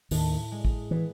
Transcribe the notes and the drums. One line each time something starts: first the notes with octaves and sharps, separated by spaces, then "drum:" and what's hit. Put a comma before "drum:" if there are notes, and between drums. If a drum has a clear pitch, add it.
D#2 A2 D#3, drum: open hi-hat
G#3
drum: kick
E3 B3